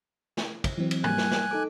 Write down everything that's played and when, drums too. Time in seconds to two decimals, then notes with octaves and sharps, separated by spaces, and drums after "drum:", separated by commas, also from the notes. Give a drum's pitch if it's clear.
0.37 drum: snare
0.64 drum: kick, cymbal
0.78 E3 F#3 C4
0.91 drum: cymbal
1.04 G3 A#3 G#5 F#6, drum: tom G#2
1.18 drum: snare
1.31 drum: snare
1.51 D#4 A4 D6